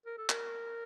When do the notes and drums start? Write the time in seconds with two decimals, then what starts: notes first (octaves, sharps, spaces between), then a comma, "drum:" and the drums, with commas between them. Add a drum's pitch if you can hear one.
0.06 A#4
0.18 A4
0.29 A#4, drum: clap